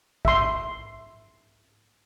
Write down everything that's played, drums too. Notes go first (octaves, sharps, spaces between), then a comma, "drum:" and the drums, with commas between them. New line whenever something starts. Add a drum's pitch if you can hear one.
E5 C6, drum: kick A1